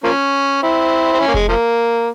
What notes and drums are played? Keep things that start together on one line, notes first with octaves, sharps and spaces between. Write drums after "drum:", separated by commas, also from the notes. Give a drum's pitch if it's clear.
F3 A#3 C#4
C4 E4
C4
C#4
A#3
G#3, drum: kick F1
F3 A#3